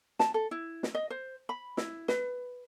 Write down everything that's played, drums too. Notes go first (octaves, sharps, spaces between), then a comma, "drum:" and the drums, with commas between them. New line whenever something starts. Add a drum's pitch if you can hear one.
A5, drum: snare
A4
E4
drum: snare
D#5
C5
B5
E4, drum: snare
B4, drum: snare